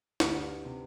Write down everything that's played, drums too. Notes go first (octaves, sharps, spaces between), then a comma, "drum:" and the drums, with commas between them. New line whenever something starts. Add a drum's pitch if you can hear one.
D2 G4 B4, drum: snare
C3